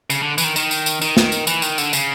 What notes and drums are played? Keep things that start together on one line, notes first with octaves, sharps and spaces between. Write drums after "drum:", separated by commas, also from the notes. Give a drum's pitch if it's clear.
C#3, drum: tambourine
D3
E3, drum: tambourine
D#3
D#3, drum: tambourine
drum: tambourine
drum: tambourine
D#3, drum: tambourine
drum: snare
drum: tambourine
E3, drum: tambourine
D#3, drum: tambourine
D3, drum: tambourine
C#3, drum: tambourine